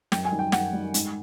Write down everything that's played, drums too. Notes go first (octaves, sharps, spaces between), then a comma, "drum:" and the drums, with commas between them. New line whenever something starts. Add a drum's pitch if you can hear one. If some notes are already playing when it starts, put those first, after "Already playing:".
F#2 G5, drum: snare
G#5
D#3 G3
G5
F#2 F#5, drum: snare
D#3 G3
G#2, drum: hi-hat